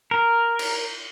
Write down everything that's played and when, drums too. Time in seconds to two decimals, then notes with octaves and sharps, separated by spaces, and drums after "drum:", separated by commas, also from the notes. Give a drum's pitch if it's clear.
0.11 A#4
0.59 drum: cymbal